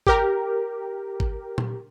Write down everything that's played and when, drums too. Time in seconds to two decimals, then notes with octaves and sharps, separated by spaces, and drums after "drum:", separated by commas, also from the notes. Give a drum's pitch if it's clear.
0.07 G4 A#4, drum: kick
1.20 drum: kick
1.58 drum: tom A#2